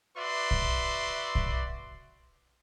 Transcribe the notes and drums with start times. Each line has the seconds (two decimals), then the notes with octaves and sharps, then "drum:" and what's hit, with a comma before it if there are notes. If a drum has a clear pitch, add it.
0.17 F#4 B4 D5 E5 C6
0.51 drum: kick B1
1.35 drum: kick B1